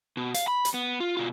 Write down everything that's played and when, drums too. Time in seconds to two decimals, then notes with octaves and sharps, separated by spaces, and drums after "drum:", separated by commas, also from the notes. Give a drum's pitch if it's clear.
0.17 B2
0.34 F5, drum: hi-hat
0.48 B5
0.65 drum: hi-hat
0.74 B3
1.00 F4
1.17 B2 F4